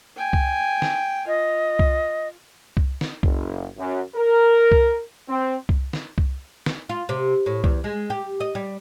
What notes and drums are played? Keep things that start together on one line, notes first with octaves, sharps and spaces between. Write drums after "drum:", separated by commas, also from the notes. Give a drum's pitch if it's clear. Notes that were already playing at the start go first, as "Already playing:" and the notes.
G5 G#5
drum: kick C2
drum: snare
F4 D#5
drum: kick C2
drum: kick C2
drum: snare
F#1, drum: kick C2
F#2
A#4
drum: kick C2
C4
drum: kick C2
drum: snare
drum: kick C2
drum: snare
F4
C3
A2
E2, drum: kick C2
G#3
G4
D#5
G3